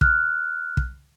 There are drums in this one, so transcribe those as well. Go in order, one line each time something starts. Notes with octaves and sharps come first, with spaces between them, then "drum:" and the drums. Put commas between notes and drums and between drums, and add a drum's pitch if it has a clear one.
F6 F#6, drum: kick
drum: kick